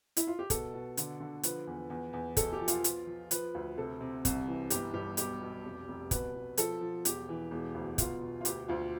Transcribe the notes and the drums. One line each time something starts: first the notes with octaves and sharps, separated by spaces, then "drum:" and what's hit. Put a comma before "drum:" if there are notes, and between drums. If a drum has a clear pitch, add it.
E4, drum: hi-hat
F4
G4
B2 A4, drum: kick, hi-hat
B2
D3, drum: hi-hat
D3
F3 B4, drum: hi-hat
E2
E2
E2
B1 A4, drum: kick, hi-hat
G4
F3
F4, drum: hi-hat
F3, drum: hi-hat
F3
F3 B4, drum: hi-hat
D2
C3 A4
C3
C2, drum: kick, hi-hat
E3
G1 G4, drum: hi-hat
G2 G4
B1 G4, drum: hi-hat
B1
F1
F1
B2 B4, drum: kick, hi-hat
B2
F3 A4, drum: hi-hat
F3
E1 G4, drum: hi-hat
E3
E1
D2
B2 F4, drum: kick, hi-hat
B2
F4
D2 G4, drum: hi-hat
D2 F4